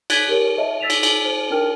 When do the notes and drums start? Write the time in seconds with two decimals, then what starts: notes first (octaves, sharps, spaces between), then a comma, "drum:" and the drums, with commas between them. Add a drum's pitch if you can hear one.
0.10 F#6 G#6 A6 B6 D#7, drum: cymbal
0.28 G4 A#4 C#5
0.57 G#4 B4 C#5 D#5 E5 A5
0.80 E6 A6 B6 E7 F7
0.90 drum: cymbal
1.03 drum: cymbal
1.25 C5
1.50 D4 E4 A#4 G5 F6